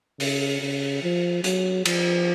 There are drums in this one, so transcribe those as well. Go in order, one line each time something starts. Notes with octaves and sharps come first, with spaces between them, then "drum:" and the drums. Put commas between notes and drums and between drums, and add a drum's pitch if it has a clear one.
C#3, drum: open hi-hat
C#3
F3
F#3, drum: hi-hat
F3, drum: cymbal